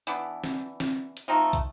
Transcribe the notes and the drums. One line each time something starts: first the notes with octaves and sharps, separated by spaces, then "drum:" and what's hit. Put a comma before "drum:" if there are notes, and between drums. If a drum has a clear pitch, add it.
E3 B3 D4, drum: hi-hat
drum: snare C4
drum: snare C4
drum: hi-hat
A3 C4 D#4 F4
drum: kick, hi-hat